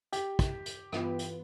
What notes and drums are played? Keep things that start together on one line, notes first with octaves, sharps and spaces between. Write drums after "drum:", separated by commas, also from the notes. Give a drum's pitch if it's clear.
G4, drum: hi-hat
drum: kick, hi-hat
drum: hi-hat
G2 E3 B3 F4 B4, drum: rim click
drum: hi-hat